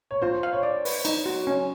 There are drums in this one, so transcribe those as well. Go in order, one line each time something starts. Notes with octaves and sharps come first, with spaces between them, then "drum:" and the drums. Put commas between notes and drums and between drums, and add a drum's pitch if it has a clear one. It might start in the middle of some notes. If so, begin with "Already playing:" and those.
C#5
F4 C5
F5
C#5
D5
B4, drum: open hi-hat
D#4, drum: cymbal
F#4
C#4